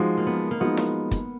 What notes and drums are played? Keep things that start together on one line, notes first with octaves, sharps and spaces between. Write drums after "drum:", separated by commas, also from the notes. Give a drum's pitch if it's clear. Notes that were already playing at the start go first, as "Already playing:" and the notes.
Already playing: F3 G#3 D#4 F#4
A#3
B3
A#3
F3 G#3 B3 D#4 F#4
drum: snare E4
drum: kick, hi-hat